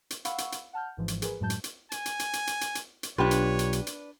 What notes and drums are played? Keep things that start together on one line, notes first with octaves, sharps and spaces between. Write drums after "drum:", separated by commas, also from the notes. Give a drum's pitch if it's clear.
drum: hi-hat
F5 F#5 B5 C#6 E6, drum: hi-hat
drum: hi-hat
drum: hi-hat
F#5 A5 F6 G6
G#1 G#2 E3 F3
drum: hi-hat
G#4 A#4 B4 G#5, drum: hi-hat
F#2 A2 F#3 G#3 A5 G6
drum: hi-hat
drum: hi-hat
G#5, drum: hi-hat
drum: hi-hat
drum: hi-hat
drum: hi-hat
drum: hi-hat
drum: hi-hat
drum: hi-hat
drum: hi-hat
B1 D4 F4 G4 B4 C#5
drum: hi-hat
drum: hi-hat
drum: hi-hat
drum: hi-hat